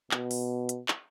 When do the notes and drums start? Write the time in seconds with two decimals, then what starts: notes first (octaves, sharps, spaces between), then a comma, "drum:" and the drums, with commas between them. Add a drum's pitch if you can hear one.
0.11 B2, drum: clap
0.31 drum: open hi-hat
0.69 drum: hi-hat
0.88 drum: clap